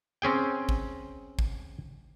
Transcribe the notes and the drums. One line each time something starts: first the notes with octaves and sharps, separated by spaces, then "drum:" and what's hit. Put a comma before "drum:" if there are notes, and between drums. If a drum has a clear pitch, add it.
C4 C#4 G#4 G5
drum: kick A1
drum: kick A1